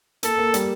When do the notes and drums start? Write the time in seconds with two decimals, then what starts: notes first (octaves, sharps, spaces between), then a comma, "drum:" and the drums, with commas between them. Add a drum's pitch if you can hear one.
0.23 A#3 A4, drum: hi-hat
0.38 A#3
0.54 G3, drum: hi-hat